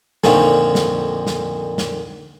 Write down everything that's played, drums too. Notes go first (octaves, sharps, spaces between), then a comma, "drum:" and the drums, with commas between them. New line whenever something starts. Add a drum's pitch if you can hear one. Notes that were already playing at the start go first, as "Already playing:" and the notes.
F2 A#2 D3 D#3 F3, drum: snare
drum: snare
drum: snare
drum: snare